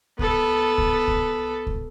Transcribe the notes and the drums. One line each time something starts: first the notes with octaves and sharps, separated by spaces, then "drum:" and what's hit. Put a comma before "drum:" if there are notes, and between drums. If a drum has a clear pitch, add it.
B3 A4, drum: kick C2
drum: kick C2
drum: kick C2
drum: kick C2